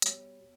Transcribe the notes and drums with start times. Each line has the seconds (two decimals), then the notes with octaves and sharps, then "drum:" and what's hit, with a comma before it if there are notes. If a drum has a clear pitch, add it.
0.02 B2 G3 C#5, drum: hi-hat
0.39 B2